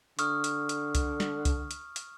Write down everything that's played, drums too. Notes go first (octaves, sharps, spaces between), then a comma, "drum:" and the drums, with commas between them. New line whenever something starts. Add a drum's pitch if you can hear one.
D3 C#6 D#6 F6, drum: hi-hat
drum: hi-hat
drum: hi-hat
drum: kick C2, hi-hat
drum: snare
drum: kick C2, hi-hat
drum: hi-hat
drum: hi-hat